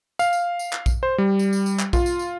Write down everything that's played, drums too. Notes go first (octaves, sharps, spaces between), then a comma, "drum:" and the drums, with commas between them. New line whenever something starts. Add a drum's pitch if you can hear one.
F5, drum: tambourine
drum: tambourine
drum: tambourine
drum: clap
drum: kick A#1, tambourine
C5
G3
drum: tambourine
drum: tambourine
drum: tambourine
drum: clap
F4, drum: kick A#1, tambourine
drum: tambourine
drum: tambourine